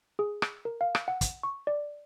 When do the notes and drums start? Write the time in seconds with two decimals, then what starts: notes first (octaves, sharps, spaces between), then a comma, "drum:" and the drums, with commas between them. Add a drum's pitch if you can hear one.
0.19 G#4
0.42 drum: rim click
0.65 A#4
0.81 F5
0.95 drum: rim click
1.08 F#5
1.21 drum: kick, hi-hat
1.43 C#6
1.67 D5